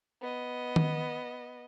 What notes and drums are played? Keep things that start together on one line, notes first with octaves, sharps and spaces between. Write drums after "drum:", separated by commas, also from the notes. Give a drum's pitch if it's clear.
B3 D#5
drum: tom D#3